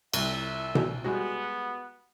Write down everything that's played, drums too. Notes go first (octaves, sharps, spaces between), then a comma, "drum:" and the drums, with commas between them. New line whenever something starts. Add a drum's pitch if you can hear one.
C2 E5, drum: cymbal
drum: tom B2
G3 G#3 B3 F#4